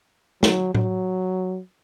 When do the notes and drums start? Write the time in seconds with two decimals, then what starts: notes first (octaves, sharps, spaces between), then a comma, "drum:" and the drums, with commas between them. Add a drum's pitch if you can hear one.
0.43 F#3, drum: snare
0.75 F#3, drum: tom A2